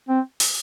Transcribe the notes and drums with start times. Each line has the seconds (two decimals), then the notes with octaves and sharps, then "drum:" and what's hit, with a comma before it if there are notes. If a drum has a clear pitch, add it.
0.09 C4
0.40 drum: open hi-hat